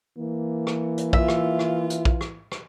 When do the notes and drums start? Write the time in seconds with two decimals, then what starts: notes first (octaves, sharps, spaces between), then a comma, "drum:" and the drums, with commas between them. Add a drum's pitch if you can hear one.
0.18 E3 A#3
0.67 drum: rim click
0.98 drum: hi-hat
1.13 F4 E5, drum: kick
1.28 drum: rim click
1.59 drum: rim click
1.90 drum: hi-hat
2.05 drum: kick
2.21 drum: rim click
2.52 drum: rim click